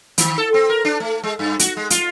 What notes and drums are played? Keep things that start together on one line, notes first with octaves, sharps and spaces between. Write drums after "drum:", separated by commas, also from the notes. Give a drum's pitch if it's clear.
D#3, drum: hi-hat
A4
C4
A#4
D4
A3
G#3
G2
F#4, drum: hi-hat
G#3
F4, drum: hi-hat